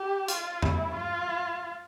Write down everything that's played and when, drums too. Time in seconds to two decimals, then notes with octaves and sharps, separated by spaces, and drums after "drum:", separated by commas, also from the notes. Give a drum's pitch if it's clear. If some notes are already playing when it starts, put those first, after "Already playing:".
Already playing: G4
0.28 F4, drum: hi-hat
0.62 E4, drum: tom E2
0.96 F4